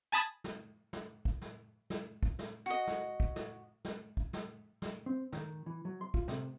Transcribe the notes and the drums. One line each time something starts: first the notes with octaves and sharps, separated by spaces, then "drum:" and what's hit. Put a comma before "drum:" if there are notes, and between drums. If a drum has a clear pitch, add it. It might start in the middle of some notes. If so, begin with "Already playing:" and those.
G#5 A5 B5 D#6 G#6 A6
drum: snare
drum: snare
drum: kick
drum: snare
drum: snare
drum: kick
drum: snare
F#4 D#5
drum: snare
drum: kick
drum: snare
drum: snare
drum: kick
drum: snare
drum: snare
C4
D#3, drum: snare
E3
F#3
C6
F4, drum: kick
C3, drum: snare